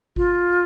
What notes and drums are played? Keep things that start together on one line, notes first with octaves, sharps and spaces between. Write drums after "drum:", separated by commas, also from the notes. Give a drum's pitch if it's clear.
F4, drum: kick G#1